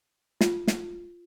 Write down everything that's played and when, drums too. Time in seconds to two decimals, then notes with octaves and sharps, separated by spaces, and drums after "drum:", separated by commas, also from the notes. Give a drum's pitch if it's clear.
0.41 F4, drum: snare
0.67 drum: snare